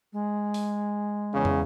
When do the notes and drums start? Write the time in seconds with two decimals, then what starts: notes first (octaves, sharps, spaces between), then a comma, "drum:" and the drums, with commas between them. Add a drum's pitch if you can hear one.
0.13 G#3
0.54 drum: open hi-hat
1.34 E2 C#3
1.45 drum: tom